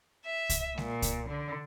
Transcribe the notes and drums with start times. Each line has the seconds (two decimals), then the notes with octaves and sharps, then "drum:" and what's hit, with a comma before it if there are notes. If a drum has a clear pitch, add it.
0.25 E5
0.49 drum: kick C2, hi-hat
0.78 A#2, drum: snare G#3
1.02 drum: kick C2, hi-hat
1.29 D3